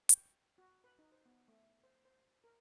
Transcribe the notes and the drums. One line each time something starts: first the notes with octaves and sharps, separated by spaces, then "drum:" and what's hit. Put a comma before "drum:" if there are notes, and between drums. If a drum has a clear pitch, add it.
G5, drum: hi-hat
F#4
B4
D#4
C5
B3
A3
C5
C5
A#4